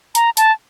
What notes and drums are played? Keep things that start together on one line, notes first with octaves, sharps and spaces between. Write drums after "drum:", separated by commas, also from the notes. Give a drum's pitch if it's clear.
A#5, drum: hi-hat
A5, drum: hi-hat